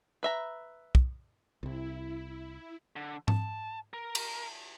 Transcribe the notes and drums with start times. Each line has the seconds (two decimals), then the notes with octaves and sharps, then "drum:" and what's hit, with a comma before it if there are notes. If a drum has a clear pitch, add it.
0.23 B4 E5 A#5
0.95 drum: kick
1.63 C2 C3 E4
2.96 D3
3.28 A5, drum: tom G#2
3.93 A#4
4.15 drum: cymbal